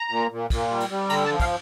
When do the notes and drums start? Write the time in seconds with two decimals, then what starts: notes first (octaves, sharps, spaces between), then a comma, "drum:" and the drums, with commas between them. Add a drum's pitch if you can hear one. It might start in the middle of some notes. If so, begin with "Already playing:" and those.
Already playing: A#5
0.10 A#2
0.31 A#2
0.50 A#2, drum: kick, cymbal
0.70 G3
0.80 drum: cymbal
0.90 G3
1.10 D3 A#5, drum: cymbal
1.25 A5
1.30 F3
1.40 F5, drum: kick, cymbal